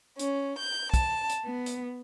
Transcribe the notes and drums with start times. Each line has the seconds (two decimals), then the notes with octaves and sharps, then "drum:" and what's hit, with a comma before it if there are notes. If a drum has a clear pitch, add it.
0.19 C#4, drum: hi-hat
0.59 G6
0.94 A5, drum: kick, hi-hat
1.30 drum: hi-hat
1.44 B3
1.66 drum: hi-hat